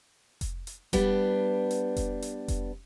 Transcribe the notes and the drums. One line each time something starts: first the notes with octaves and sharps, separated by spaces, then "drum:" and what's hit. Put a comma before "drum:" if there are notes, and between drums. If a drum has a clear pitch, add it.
drum: kick F1, hi-hat
drum: hi-hat
G3 B3 D4, drum: kick F1, hi-hat
drum: hi-hat
drum: kick F1, hi-hat
drum: hi-hat
drum: kick F1, hi-hat